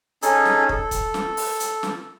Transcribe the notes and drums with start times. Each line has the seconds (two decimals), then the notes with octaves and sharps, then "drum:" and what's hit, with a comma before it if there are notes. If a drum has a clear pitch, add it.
0.22 C#4 D#4 G#4 A4, drum: hi-hat
0.45 drum: snare
0.69 A4, drum: kick
0.91 drum: kick, hi-hat
1.14 drum: snare
1.37 drum: open hi-hat
1.60 drum: hi-hat
1.83 drum: snare